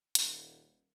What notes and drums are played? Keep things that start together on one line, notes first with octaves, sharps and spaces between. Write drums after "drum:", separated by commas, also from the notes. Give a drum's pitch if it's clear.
D#1, drum: hi-hat